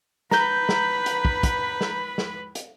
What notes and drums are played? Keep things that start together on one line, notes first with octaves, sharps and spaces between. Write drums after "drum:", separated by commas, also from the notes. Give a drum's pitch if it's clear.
B4 A#5 B5 G6, drum: snare
drum: snare
drum: hi-hat
drum: kick
drum: kick, hi-hat
drum: snare
drum: snare
drum: hi-hat